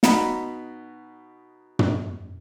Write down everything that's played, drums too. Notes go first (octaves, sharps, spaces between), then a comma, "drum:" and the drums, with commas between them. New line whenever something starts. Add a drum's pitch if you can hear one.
B2 D#4 A#5 B5, drum: snare
drum: tom